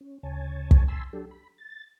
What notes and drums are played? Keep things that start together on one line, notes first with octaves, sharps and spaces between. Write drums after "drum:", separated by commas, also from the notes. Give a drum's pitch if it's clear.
C#4
D2 C#3 C#5 G#5 A5
drum: kick
G#5 A5 B5 C6 E6
F#3 D4 G4 A4
B5
A6